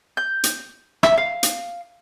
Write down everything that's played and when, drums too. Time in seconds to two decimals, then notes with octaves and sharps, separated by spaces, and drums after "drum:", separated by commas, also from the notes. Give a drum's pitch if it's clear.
0.17 G6
0.44 drum: hi-hat
1.03 E5, drum: rim click
1.18 F5
1.43 drum: hi-hat